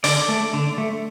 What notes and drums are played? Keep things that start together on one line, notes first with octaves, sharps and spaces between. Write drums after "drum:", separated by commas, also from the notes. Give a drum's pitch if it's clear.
D3 D5, drum: open hi-hat
A3
D3
A3